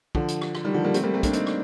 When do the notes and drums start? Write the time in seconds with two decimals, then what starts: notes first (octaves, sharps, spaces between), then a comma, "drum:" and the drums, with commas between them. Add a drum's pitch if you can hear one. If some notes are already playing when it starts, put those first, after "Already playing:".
0.15 D3 F3, drum: kick
0.28 drum: hi-hat
0.41 drum: rim click
0.55 drum: rim click
0.65 D#3 G3
0.74 D3 F3
0.84 G3 A#3
0.94 A3 C4, drum: hi-hat
1.04 G3 A#3
1.14 A3 C4
1.23 A#3 D4, drum: kick, hi-hat
1.33 C4 D#4, drum: hi-hat
1.47 drum: rim click